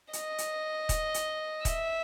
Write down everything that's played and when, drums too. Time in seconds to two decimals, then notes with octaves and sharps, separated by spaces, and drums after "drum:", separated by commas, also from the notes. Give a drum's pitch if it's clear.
0.13 D#5, drum: hi-hat
0.38 drum: hi-hat
0.89 drum: kick D#1, hi-hat
1.14 drum: hi-hat
1.65 E5, drum: kick D#1, hi-hat